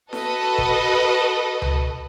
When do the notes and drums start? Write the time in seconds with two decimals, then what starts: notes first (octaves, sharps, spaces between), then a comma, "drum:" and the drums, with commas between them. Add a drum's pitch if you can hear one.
0.13 F#4 A4 B4 D#5, drum: snare E4
0.58 drum: kick
1.62 drum: tom C#2